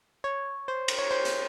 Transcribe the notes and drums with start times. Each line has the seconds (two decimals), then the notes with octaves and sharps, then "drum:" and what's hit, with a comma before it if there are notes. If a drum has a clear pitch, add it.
0.24 C#5
0.68 C5
0.88 drum: cymbal
0.99 C#5
1.11 C5
1.25 drum: hi-hat